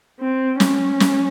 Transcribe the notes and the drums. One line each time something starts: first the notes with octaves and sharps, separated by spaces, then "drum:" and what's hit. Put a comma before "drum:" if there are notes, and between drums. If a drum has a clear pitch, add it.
C4
C#4, drum: snare
drum: snare